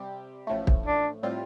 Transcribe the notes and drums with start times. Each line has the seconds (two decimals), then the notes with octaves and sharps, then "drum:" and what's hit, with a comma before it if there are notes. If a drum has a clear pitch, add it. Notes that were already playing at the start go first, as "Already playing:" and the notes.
Already playing: C3 G3 C4 G4
0.47 A1 A2 F3 A3
0.67 drum: kick
0.86 D4
1.23 A2 G3 C4 F4